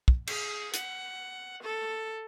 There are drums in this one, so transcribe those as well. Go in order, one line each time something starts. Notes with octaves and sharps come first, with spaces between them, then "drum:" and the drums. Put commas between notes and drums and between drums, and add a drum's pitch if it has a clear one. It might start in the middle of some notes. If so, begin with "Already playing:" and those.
drum: kick
G#4, drum: cymbal
F#5, drum: hi-hat
A4